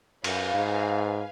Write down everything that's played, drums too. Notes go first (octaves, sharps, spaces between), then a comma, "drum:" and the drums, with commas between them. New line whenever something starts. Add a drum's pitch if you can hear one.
F#2 B4 F5 G#5, drum: cymbal
G#2